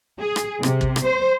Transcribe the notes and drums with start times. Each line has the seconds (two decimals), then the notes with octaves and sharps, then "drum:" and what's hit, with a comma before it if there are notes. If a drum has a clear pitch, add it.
0.21 G#4
0.36 drum: rim click
0.63 C3, drum: rim click
0.81 drum: kick
0.96 drum: rim click
1.05 C5